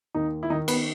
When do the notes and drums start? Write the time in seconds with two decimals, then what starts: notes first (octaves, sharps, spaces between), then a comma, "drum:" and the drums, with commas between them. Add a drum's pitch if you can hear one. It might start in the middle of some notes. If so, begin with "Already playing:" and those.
0.15 D#2 D#4
0.43 E4
0.50 D#3 D#4
0.68 B3 B4, drum: cymbal